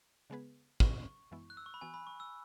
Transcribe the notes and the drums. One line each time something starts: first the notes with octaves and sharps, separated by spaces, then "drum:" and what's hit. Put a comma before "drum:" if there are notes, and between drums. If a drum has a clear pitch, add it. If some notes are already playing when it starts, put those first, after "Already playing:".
C#3 G#3 B3 G#4 B4
C#3 F#3 C#4 G#4 B4 C#6, drum: kick
F#2 E3 G#3 B3 E4
F#6
E6
C#6
B5
E3 B3 F#4 G#5
B5
C#6
E6